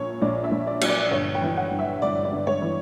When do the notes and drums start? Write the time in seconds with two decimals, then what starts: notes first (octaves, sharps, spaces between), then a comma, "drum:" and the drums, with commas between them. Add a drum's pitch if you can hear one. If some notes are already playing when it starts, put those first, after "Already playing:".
Already playing: A#1 A#2 C#5
0.21 A#1 D5
0.44 E5
0.51 A#1
0.67 D5
0.81 F#3, drum: cymbal
0.89 D5
1.11 G1 C#5
1.35 G5
1.42 E3
1.57 F#5
1.71 G2
1.79 E5
2.02 G1 D5
2.25 D5
2.32 G1
2.47 C#5
2.62 E3